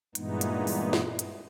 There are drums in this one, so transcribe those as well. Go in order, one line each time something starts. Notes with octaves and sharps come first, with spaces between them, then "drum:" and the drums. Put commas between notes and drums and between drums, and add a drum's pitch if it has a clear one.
G2 A#2 E3 G#3 B3 D#4, drum: hi-hat
drum: hi-hat
drum: open hi-hat
drum: snare
drum: hi-hat